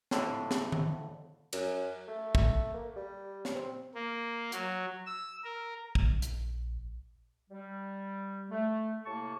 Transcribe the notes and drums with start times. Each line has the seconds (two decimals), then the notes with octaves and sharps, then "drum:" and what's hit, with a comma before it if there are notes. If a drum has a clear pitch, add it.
0.11 F2 A2 D3, drum: snare
0.51 drum: snare
0.72 drum: tom D#3
1.53 F#2, drum: cymbal
2.08 A3
2.35 drum: kick
2.74 A#3
2.96 G3
3.45 drum: snare
3.55 C4
3.95 A#3
4.52 F#3, drum: hi-hat
5.06 E6
5.44 A#4
5.95 A#1, drum: kick
6.22 drum: hi-hat
7.50 G3
8.50 A3
9.06 A2 C3 A#3 A5 C#6